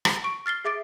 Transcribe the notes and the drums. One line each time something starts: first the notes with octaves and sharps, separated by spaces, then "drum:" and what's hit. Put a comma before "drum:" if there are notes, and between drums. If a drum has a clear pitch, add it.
drum: rim click
C#6 D7
F6 A6 C7 G7
G#4 E5 D6 A6 D7